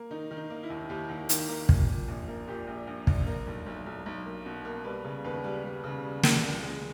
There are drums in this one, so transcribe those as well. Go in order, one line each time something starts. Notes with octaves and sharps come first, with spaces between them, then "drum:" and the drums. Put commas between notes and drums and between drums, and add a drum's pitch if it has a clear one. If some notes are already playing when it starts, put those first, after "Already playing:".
Already playing: A#3
D#3 D#4
D#3
D#4
A#3
E4
D#2
D#2 G4
D#2
D#3, drum: hi-hat
A#3
A#2, drum: kick
A#2
A#1
A#3
A#2 G4
A#1
A#1
A#1, drum: kick
A#3
B1
B1
B1
B1
A#3
B2
A#3
G3 B4
C#3
D#2 B4
G3
G3
C#3
G3
A#3, drum: snare
C#2
G#3